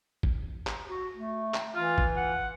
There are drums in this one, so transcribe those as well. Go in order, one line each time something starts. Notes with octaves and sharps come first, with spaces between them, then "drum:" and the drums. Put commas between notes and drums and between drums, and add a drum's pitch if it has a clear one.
drum: kick
drum: clap
F#4
A3
drum: clap
E3 F4
drum: kick
F#5